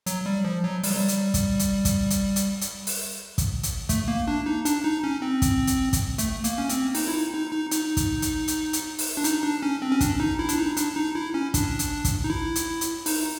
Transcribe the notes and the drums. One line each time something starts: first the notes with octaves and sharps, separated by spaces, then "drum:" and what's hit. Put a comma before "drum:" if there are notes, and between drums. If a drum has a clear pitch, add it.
F#3, drum: hi-hat
G3
F3
F#3
G3, drum: open hi-hat
F#3
G3
drum: hi-hat
drum: kick, hi-hat
drum: hi-hat
drum: kick, hi-hat
drum: hi-hat
drum: hi-hat
drum: hi-hat
drum: open hi-hat
drum: kick, hi-hat
drum: hi-hat
A3, drum: kick, hi-hat
A#3
D4
D#4
D4, drum: hi-hat
D#4
C#4
C4
drum: kick, hi-hat
drum: hi-hat
drum: kick, hi-hat
A3, drum: hi-hat
A#3, drum: hi-hat
C#4
C4, drum: hi-hat
D#4, drum: open hi-hat
E4
D#4
D#4
D#4
D#4, drum: hi-hat
drum: kick, hi-hat
drum: hi-hat
drum: hi-hat
drum: hi-hat
drum: open hi-hat
D4
D#4, drum: hi-hat
D4
C#4
C4
C#4
D4, drum: kick, hi-hat
D#4
E4
D4, drum: hi-hat
D#4
D4, drum: hi-hat
D#4
E4
C#4
D4, drum: kick, hi-hat
drum: hi-hat
drum: kick, hi-hat
D#4
E4
drum: hi-hat
drum: hi-hat
D#4, drum: open hi-hat